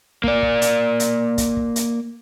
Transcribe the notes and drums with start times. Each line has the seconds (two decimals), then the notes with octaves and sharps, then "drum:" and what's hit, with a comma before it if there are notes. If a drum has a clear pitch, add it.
0.24 A#3 D5, drum: kick
0.43 drum: kick
0.62 drum: hi-hat
1.00 drum: hi-hat
1.38 drum: kick, hi-hat
1.57 drum: kick
1.76 drum: hi-hat